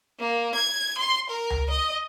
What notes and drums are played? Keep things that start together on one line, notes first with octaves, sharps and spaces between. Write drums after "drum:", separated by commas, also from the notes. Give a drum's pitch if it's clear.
A#3
G#6
C6
A#4
drum: tom C#2
D#5